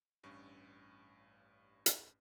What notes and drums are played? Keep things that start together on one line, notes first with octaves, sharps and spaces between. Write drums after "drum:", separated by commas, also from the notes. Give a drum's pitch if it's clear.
A1 G2 C#4 C#6
drum: hi-hat